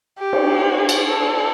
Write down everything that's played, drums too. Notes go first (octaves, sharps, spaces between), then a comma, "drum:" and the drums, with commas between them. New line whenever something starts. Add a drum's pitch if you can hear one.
G4
drum: cymbal
drum: cymbal
A4